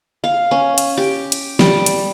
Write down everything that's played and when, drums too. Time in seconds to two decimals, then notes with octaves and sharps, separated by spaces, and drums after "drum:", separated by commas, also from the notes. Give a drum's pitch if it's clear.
0.24 F5
0.51 C#4
0.78 drum: hi-hat
0.97 G4
1.32 drum: hi-hat
1.59 G3, drum: snare
1.86 drum: hi-hat